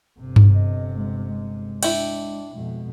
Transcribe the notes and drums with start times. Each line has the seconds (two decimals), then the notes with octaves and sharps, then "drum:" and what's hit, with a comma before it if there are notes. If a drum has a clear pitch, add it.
0.20 G1 C3
0.36 drum: tom G2
0.54 D#5
0.97 G#3
1.28 G#3
1.83 D4 E4 G5, drum: cymbal
2.54 F2 B2 G#3